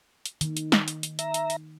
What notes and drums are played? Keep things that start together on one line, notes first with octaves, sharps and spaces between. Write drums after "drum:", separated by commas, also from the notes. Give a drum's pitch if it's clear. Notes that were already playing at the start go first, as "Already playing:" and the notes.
drum: hi-hat
D#3, drum: hi-hat
drum: hi-hat
drum: snare
drum: hi-hat
drum: hi-hat
E5 A#5, drum: hi-hat
drum: hi-hat
drum: hi-hat